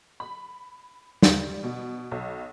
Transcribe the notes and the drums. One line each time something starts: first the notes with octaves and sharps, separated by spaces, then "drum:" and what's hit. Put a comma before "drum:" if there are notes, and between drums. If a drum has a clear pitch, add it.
B5
G3, drum: snare
B2
B1